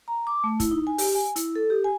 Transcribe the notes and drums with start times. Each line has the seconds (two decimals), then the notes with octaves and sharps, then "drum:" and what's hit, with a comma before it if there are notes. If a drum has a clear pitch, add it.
0.08 A#5
0.27 D6
0.44 A3
0.60 E4, drum: kick, hi-hat
0.71 D#4
0.87 G#5
0.98 G4, drum: open hi-hat
1.15 G#5
1.36 E4, drum: hi-hat
1.56 A4
1.70 G4
1.84 G#5